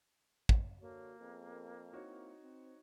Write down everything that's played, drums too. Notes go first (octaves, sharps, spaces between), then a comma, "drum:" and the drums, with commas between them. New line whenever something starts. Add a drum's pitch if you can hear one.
drum: kick
D3 A#3 F#4 C#5
F2 B3 G#4 A#4
C4 D#4 E4 F#4 C#5
C4 C5